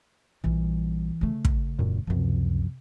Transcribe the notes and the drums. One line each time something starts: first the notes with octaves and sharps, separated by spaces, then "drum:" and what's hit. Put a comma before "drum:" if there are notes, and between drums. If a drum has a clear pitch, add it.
A#1 E3 G3
C#3 A3
drum: kick
E1 F#2 A#2
C#2 F#2 C3 F3